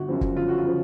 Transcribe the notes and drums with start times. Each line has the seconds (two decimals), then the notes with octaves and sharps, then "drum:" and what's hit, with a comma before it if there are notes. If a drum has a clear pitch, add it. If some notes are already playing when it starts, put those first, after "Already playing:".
Already playing: G1 F#4
0.09 F#2 C#3 F3
0.21 drum: kick
0.36 G1 F4
0.48 F#4
0.58 F4
0.65 C#3 F3